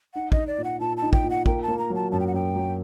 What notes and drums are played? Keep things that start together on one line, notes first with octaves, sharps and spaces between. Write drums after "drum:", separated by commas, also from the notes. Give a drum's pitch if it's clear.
D#4 F#5
D#4 D#5, drum: kick
D5
A#2
F#5
A#2 A5
A5
D#4
G5, drum: kick
A#2
F#5
A#3 G5, drum: kick
A5
A#3
A#5
F#3
A5
F#2 A5
G5
F#5
F#2 G5
F#3